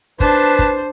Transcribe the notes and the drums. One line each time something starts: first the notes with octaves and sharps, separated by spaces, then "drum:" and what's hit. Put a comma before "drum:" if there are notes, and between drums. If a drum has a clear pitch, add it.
D4 B4 C5 A5, drum: kick, hi-hat
drum: kick, hi-hat